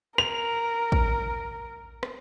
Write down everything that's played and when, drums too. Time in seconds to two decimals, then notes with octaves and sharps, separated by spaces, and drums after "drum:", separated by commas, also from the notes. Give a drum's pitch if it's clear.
0.18 A#4 F7, drum: rim click
0.92 drum: kick A1
2.03 drum: rim click